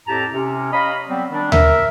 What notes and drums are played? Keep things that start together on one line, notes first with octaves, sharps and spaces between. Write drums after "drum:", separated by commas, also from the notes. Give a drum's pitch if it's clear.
F2 A2 C4 G4 A5 A#5
C3 C#4
C#5 D#5 F5 A#5 B5
F#3 G3 B3 C4
D#3 G3 D4
A#4 E5, drum: tom D2